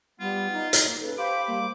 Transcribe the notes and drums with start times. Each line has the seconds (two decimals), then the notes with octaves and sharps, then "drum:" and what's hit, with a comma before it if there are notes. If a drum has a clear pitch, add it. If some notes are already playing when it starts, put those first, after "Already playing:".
0.20 G3 B3 F4
0.52 D#4
0.73 drum: hi-hat
0.88 A#3
1.01 C#3 A4 B4
1.18 G4 C5 F5 B5 D6
1.47 G3 A#3